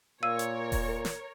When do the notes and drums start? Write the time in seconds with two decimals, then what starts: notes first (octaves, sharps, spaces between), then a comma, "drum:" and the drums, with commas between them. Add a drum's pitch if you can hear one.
0.23 A#2 A#4 C#5 F5 E6 D#7
0.39 drum: hi-hat
0.72 drum: kick E1, open hi-hat
1.05 drum: snare